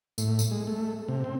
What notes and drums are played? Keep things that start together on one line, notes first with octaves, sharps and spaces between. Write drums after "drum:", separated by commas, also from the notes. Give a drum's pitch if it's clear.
A2, drum: tambourine
drum: tambourine
G#3
A3
C3
C4